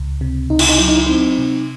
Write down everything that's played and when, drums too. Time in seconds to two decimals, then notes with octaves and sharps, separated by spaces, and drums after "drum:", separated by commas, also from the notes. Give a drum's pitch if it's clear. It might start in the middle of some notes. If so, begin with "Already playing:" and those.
Already playing: C#2
0.21 C3
0.50 C#2 D#4
0.59 E4, drum: cymbal
0.69 D#4
0.78 F#3 E4
0.88 D#4
0.97 E4
1.06 C4 D#4
1.38 C3